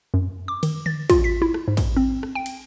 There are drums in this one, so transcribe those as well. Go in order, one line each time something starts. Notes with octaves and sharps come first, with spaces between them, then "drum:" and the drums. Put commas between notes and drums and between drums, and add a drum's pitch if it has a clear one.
F#2
D6
D#3, drum: cymbal
A6, drum: tom D3
F4, drum: kick, cymbal
B6
E4
drum: rim click
G#2
drum: kick, cymbal
C4
drum: rim click
G5
drum: cymbal